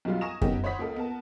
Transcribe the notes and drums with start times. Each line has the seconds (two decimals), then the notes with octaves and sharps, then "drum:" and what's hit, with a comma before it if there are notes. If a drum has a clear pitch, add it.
0.05 B1 F#2 F#3 G3 F4 F5
0.21 G#5 A#5 C#6 D#6 A#6 E7
0.41 B3 C#4 D#4 E4 G4 A#4, drum: kick F#2
0.64 C5 C#5 F#5 B5 D#6 B6
0.79 C#2 A#3 A4 D#6
0.96 B3 A#4 A5